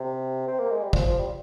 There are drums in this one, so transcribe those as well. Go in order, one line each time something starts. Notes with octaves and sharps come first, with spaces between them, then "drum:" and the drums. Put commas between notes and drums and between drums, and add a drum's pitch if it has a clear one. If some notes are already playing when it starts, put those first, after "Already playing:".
Already playing: C3
C4
A#3
G#3
G3
F3, drum: kick
F3
G3